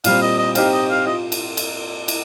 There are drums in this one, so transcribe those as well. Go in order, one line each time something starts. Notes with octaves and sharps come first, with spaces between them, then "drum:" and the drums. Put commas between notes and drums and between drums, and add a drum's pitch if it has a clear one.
A#2 G3 C4 F5, drum: cymbal
D#5
D#5
C4 D#4 G4 F5, drum: cymbal
D#5
F5
F4 D#5
drum: cymbal
drum: cymbal
drum: cymbal